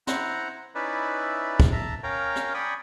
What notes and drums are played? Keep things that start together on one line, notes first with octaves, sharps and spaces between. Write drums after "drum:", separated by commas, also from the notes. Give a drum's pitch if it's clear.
E4 C5 F#5 A#5, drum: snare
C#4 D#4 E4 B4 D5 E5
drum: kick
E5 A5 A#5
C#4 A#4 C#5 F5 G5 A#5
drum: rim click
D5 G5 G#5 B5 C#6 D#6